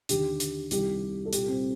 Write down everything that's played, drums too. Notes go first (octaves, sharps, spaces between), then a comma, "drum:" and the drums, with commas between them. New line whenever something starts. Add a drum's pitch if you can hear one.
D#2 D3 G4, drum: hi-hat
drum: hi-hat
C2 C3 D#3 G4, drum: hi-hat
A4
C2 A#2 G4, drum: hi-hat
C4